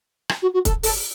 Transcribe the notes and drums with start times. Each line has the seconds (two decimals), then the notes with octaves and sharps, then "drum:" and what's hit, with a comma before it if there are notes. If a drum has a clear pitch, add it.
0.29 drum: rim click
0.42 F#4
0.53 F#4
0.65 A4, drum: kick, hi-hat
0.83 A4, drum: open hi-hat